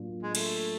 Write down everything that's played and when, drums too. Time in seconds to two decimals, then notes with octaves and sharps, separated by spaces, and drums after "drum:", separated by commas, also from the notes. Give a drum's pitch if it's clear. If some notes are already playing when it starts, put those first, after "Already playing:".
Already playing: A2 F#3 A#3 D4 F4
0.23 G#3
0.35 A3, drum: cymbal